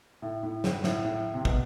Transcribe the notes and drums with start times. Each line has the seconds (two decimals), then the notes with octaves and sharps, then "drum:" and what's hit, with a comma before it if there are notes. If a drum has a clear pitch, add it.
0.22 A2
0.43 A2
0.64 G2, drum: snare
0.84 A2, drum: snare
1.05 A2
1.34 C3
1.45 B2, drum: kick